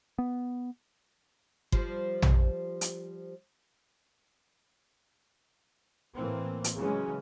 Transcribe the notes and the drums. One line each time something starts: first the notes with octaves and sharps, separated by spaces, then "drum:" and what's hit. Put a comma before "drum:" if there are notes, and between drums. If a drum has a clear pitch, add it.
B3
F3 G3, drum: kick G1
drum: tom A#1
drum: hi-hat
A2 E3 A#3 C4
drum: hi-hat
C#3 E3 F#3 G#3 C#4